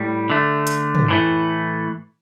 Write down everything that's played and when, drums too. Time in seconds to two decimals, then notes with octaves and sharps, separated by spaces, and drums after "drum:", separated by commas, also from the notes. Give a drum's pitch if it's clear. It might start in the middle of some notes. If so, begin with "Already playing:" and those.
Already playing: A2 G3
0.30 D3 A3
0.67 drum: hi-hat
0.95 drum: tom
1.08 A2 E3 A3